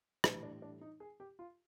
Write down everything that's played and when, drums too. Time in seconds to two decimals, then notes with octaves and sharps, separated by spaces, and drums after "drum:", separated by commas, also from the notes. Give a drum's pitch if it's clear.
0.24 A2 E3 G3 D4, drum: rim click
0.43 D4
0.62 D4
0.81 D#4
1.00 G#4
1.20 G4
1.39 F4